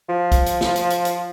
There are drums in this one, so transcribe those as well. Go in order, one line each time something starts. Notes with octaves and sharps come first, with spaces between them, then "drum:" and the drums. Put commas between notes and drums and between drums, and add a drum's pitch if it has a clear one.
F3
drum: kick, hi-hat
drum: hi-hat
drum: snare
drum: hi-hat
drum: hi-hat
drum: hi-hat